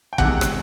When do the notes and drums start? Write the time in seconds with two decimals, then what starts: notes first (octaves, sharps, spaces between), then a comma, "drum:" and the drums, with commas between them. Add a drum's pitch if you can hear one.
0.13 G5
0.18 E2 C3 D#3 G#3 F#5, drum: kick
0.41 drum: rim click